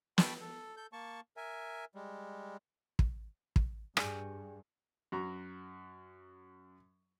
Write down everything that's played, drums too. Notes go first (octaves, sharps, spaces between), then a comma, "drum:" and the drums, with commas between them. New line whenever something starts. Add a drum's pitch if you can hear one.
G5 A5 B5 C#6, drum: snare
A4
A4 G6
A#3 A5 C#6
A#4 E5 G#5
G3 G#3
drum: kick
drum: kick
G2 G#4 D5 G#5, drum: rim click
F#2 F#4 A#5 C#6